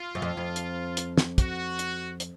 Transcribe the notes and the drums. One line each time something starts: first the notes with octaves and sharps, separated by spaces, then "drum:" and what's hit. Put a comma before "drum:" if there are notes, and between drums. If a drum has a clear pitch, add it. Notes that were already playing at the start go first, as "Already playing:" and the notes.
Already playing: F4
F#2
F2
F2
drum: hi-hat
drum: hi-hat
drum: snare
F#4, drum: kick, hi-hat
drum: hi-hat
drum: hi-hat